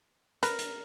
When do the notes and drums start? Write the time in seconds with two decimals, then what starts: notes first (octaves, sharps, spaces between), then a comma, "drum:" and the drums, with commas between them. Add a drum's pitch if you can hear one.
0.43 A#4 B4, drum: hi-hat
0.59 drum: hi-hat